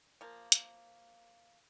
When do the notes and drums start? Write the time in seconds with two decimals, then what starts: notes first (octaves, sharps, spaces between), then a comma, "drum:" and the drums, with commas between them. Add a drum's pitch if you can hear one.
0.21 F3 A#3
0.52 drum: hi-hat